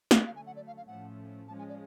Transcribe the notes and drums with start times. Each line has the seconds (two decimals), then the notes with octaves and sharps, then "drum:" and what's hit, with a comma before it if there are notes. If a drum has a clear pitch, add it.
0.11 drum: snare
0.25 D3 F#3 A3 C#4 F5
0.36 G#5
0.47 F#5
0.56 D5
0.67 F5
0.77 F5
0.87 A2 F3 A3 C#4 F#5
1.48 F3 G#3 C#4 A5
1.59 G#5
1.69 D5